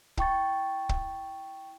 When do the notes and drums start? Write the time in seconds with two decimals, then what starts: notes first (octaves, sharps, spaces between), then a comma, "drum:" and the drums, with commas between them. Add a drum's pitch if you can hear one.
0.17 E4 G5 C#6 A6, drum: kick
0.89 drum: kick